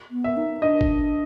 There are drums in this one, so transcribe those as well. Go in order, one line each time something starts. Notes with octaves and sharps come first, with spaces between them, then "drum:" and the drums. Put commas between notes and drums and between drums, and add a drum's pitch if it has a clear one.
B3
E5
D#4
D4 D#5
drum: kick G#1